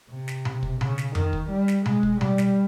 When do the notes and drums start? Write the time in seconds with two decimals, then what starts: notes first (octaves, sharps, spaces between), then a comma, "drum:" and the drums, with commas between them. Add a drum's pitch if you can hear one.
0.09 C3
0.28 drum: snare
0.45 drum: tom B2
0.63 drum: kick
0.81 C#3, drum: tom B2
0.98 drum: snare
1.15 D#3, drum: tom F2
1.33 drum: kick
1.50 G3
1.68 drum: snare
1.86 G#3, drum: tom B2
2.03 drum: kick
2.21 G3, drum: tom B2
2.38 drum: snare